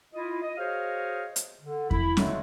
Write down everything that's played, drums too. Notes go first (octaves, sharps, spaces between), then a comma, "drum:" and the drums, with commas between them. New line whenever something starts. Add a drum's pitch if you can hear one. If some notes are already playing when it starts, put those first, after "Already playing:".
E4 F4 D#5
D#5
F#4 G#4 C5 C#5 D#5 F5
drum: hi-hat
D3
E4 B5, drum: kick E2
D3 D#3 F#3 G#3 A3 F#4, drum: snare C#4